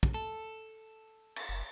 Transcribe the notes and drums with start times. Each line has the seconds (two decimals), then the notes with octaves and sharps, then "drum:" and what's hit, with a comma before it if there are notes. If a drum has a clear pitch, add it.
0.03 drum: kick
0.14 A4
1.36 drum: cymbal
1.49 F#1